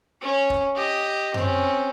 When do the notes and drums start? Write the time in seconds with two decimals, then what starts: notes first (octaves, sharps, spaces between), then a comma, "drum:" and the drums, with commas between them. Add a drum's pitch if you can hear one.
0.21 C#4 C#5
0.50 drum: kick
0.75 G4 D#5
1.34 C4 C#4, drum: tom F#2